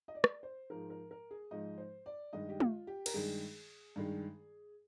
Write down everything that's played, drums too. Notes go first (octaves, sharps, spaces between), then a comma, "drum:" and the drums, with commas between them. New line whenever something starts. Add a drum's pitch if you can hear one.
D#5
D5
drum: rim click
C5
G#2 F3 G#3 A#4
A#4
A#4
G#4
G#2 F3 G#3 D#5
C5
D5
G2 D#3 G#3 D#5
G4
F4, drum: tom
G4
A#4, drum: cymbal
G2 D#3 G#3 G#4
G2 D#3 G#3